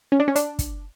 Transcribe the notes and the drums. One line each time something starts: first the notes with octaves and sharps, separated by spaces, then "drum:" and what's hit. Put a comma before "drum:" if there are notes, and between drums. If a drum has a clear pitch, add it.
C#4
D4
C#4
D4, drum: hi-hat
drum: kick, hi-hat